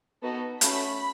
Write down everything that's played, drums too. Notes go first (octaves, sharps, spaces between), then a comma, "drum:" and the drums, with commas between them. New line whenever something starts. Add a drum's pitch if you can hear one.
B3 D#4 F#4 A4
A3 C#4 F#4 A4 B5, drum: hi-hat